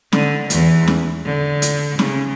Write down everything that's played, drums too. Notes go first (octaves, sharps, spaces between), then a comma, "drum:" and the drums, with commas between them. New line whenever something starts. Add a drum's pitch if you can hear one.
D3, drum: snare
E2 E3, drum: hi-hat
drum: snare
D3
drum: hi-hat
C#3, drum: snare